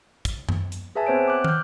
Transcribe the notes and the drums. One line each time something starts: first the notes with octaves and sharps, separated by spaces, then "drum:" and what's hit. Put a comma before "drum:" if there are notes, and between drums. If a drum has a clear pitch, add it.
drum: kick, hi-hat
drum: tom F#2
drum: hi-hat
G#4 B4 E5 G#5 A5
B3 C4 C5 C#5 D7
D6 F#6
F6 G6, drum: tom